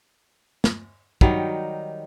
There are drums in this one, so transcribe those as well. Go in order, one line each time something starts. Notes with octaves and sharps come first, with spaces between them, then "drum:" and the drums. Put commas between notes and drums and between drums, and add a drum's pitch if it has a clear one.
drum: snare
D#3 F#3 G3 D#4, drum: kick